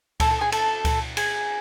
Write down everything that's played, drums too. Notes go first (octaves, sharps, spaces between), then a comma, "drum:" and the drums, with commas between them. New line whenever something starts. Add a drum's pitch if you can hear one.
A4 A5, drum: kick C#2, cymbal
A4 A5
G#4 G#5
A4 A5, drum: cymbal
drum: kick C#2, cymbal
G#4 G#5, drum: cymbal